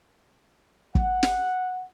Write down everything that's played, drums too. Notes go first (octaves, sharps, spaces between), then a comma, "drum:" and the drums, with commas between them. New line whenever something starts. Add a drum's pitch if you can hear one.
F#5, drum: kick
drum: snare